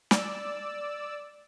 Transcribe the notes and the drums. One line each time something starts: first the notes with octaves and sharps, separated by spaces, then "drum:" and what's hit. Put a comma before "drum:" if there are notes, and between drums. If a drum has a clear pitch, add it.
D5 E6, drum: snare